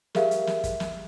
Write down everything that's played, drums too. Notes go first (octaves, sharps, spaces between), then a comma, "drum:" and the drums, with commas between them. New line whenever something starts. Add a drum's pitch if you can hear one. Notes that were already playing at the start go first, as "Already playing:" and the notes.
G4 G#4 A#4 E5 F5, drum: snare
drum: hi-hat
drum: snare
drum: kick, hi-hat
drum: snare